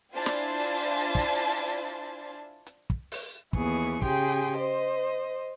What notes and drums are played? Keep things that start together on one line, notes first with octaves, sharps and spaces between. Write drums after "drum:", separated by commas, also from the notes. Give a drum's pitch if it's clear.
D4 E4 F4 C5 G#5 A5
drum: snare
drum: kick
drum: hi-hat
drum: kick
drum: open hi-hat
D#2 E3 B3 G#4 C#6, drum: kick
C#3 G4 G#4 G5 C6, drum: kick
C5 D#5